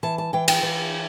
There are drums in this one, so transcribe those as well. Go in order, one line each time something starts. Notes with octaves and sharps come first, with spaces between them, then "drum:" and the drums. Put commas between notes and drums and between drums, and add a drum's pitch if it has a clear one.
E3 A5
A5
E3 G5
G5, drum: cymbal
E3